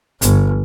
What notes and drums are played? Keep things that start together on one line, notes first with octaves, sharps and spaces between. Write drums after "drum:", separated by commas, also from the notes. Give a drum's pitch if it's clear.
G1, drum: hi-hat